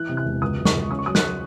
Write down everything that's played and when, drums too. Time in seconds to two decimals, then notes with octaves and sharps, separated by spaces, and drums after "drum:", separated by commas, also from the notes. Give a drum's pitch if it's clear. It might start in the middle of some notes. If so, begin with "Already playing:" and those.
Already playing: E3 F#6
0.09 C3
0.17 F#6
0.25 E1
0.42 C#2 D#6
0.58 F#3
0.65 C#6, drum: snare
0.74 C#2
0.91 C#4 D#6
0.99 C#6
1.06 F#3 D#6
1.15 F#6, drum: snare